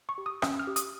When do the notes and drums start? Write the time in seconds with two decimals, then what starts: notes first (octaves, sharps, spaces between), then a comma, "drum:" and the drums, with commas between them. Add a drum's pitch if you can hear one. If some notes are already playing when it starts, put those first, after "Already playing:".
0.09 C#6
0.18 G4
0.26 D#6
0.42 C#4 D#6, drum: rim click
0.59 F6
0.67 G4
0.76 D#6, drum: hi-hat